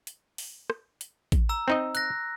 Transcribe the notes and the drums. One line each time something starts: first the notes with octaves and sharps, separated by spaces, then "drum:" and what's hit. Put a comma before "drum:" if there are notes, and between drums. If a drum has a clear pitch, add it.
drum: hi-hat
drum: open hi-hat
drum: rim click
drum: hi-hat
drum: kick A1, hi-hat
A#5 E6
C4 D#4 D#5
F#6 A#6, drum: hi-hat